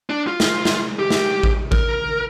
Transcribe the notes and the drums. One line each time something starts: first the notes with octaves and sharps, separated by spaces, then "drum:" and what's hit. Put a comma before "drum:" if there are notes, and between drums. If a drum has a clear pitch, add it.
D4
F4
drum: snare
drum: snare
G4
drum: snare
drum: kick A1
A#4, drum: kick A1